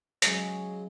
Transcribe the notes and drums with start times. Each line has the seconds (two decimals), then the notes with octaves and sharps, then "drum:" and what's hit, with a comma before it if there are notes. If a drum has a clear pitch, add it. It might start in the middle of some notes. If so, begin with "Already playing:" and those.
0.22 C#3 F#3 G#3 D#5, drum: hi-hat